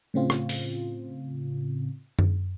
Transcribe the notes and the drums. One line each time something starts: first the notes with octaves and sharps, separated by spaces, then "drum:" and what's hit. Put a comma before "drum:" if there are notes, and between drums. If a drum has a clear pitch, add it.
A2 C#3 C4 F4
drum: rim click
drum: open hi-hat
drum: tom F#2